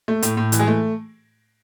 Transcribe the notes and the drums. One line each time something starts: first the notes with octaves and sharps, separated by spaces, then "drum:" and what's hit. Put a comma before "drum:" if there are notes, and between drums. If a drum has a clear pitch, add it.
A3
A2, drum: hi-hat
A2
E3, drum: hi-hat
G#3 G#4
A3